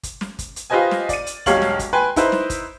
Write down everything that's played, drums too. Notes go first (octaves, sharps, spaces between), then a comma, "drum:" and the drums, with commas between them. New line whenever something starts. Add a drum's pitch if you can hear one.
drum: kick, hi-hat
drum: snare
drum: kick, hi-hat
drum: hi-hat
F4 G4 B4 C5 D#5 G#5
drum: snare
D5 D#7, drum: kick, hi-hat
drum: hi-hat
E1 B1 G4 C#5 F5 F#7, drum: kick, hi-hat
drum: snare
drum: kick, hi-hat
B4 G5 G#5 C6
D#4 E4 B4 C5, drum: kick, hi-hat
drum: snare
drum: kick, hi-hat